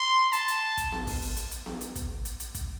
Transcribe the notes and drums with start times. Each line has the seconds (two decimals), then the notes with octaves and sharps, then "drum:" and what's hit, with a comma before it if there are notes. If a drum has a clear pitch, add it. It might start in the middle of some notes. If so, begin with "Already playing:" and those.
Already playing: C6
0.33 A5, drum: hi-hat
0.48 drum: hi-hat
0.77 drum: kick, hi-hat
0.92 drum: snare B3
1.07 drum: kick, open hi-hat
1.22 drum: open hi-hat
1.36 drum: hi-hat
1.51 drum: hi-hat
1.66 drum: snare B3
1.81 drum: hi-hat
1.95 drum: kick, hi-hat
2.25 drum: hi-hat
2.40 drum: hi-hat
2.55 drum: kick, hi-hat